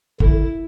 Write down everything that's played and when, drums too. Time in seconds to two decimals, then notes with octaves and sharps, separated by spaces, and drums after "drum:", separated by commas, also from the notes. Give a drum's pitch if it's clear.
0.20 D3 E4, drum: kick